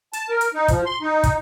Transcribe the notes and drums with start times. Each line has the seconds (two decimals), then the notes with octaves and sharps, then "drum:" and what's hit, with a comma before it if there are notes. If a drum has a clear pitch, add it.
0.13 A5, drum: hi-hat
0.29 A#4
0.41 drum: hi-hat
0.54 D#4
0.68 F3, drum: kick, hi-hat
0.85 C6
1.01 D#4
1.23 drum: kick, hi-hat